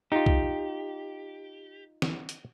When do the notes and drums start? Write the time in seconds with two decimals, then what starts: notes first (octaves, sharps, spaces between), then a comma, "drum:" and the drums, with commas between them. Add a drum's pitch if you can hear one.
0.12 D#4 F4 G4
0.26 drum: kick
2.02 drum: snare
2.29 drum: hi-hat